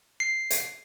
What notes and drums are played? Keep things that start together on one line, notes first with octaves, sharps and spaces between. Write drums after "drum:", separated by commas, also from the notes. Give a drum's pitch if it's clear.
C7
drum: hi-hat